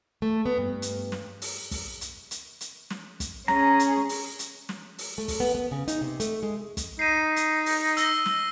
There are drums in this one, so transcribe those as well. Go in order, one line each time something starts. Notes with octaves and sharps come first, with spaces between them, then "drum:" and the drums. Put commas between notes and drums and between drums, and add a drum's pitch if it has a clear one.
A3
B3
G2
drum: hi-hat
drum: snare
drum: open hi-hat
drum: kick, open hi-hat
drum: hi-hat
drum: hi-hat
drum: hi-hat
drum: snare
drum: kick, hi-hat
C#4 G#4 A#5, drum: snare
drum: hi-hat
drum: open hi-hat
drum: hi-hat
drum: snare
drum: open hi-hat
A3
drum: kick, open hi-hat
B3
B3
C#3
D#4, drum: hi-hat
C3
A3, drum: hi-hat
G#3
drum: kick, hi-hat
D#4 C7 D#7
drum: hi-hat
drum: open hi-hat
E6 A#6 G7, drum: hi-hat
drum: snare